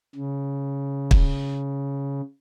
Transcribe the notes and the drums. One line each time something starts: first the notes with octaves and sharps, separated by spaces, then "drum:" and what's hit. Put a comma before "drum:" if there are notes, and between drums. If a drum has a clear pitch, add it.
C#3
drum: kick